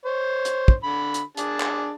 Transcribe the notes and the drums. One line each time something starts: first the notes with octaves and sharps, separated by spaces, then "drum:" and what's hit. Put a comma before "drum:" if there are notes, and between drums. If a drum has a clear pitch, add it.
C5 C#5
drum: hi-hat
drum: kick
D3 B5
drum: hi-hat
D4 G#4 A5, drum: hi-hat
drum: clap